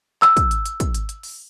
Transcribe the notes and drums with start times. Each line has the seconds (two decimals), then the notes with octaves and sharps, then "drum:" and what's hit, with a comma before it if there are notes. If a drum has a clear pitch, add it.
0.22 E6, drum: clap
0.37 drum: kick, hi-hat
0.51 drum: hi-hat
0.66 drum: hi-hat
0.80 drum: kick, hi-hat
0.94 drum: hi-hat
1.09 drum: hi-hat
1.23 drum: open hi-hat